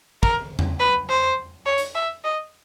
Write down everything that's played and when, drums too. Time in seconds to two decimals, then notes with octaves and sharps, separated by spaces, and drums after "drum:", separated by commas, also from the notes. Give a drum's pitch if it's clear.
0.23 A#4, drum: kick
0.59 drum: tom E2
0.80 B4
1.09 C5
1.66 C#5
1.78 drum: hi-hat
1.95 E5
2.24 D#5